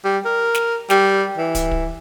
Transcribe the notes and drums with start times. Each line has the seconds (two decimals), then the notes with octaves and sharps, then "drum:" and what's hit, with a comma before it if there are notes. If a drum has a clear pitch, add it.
0.04 G3
0.25 A#4
0.55 drum: snare
0.90 G3, drum: snare
1.38 E3
1.55 drum: kick, hi-hat
1.71 drum: kick